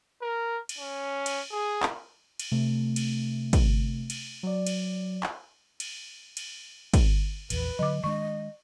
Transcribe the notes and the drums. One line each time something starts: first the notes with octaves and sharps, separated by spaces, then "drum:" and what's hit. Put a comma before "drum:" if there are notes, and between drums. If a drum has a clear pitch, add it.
A#4
drum: cymbal
C#4
drum: cymbal
G#4
drum: clap
drum: cymbal
C3 A3
drum: cymbal
drum: kick, cymbal
drum: cymbal
F#3 D5
drum: cymbal
drum: clap
drum: cymbal
drum: cymbal
drum: kick, cymbal
A#1 E2 B4, drum: cymbal
D3 F#3 D#5 D6
D#3 G#3 D4 D#5 C#6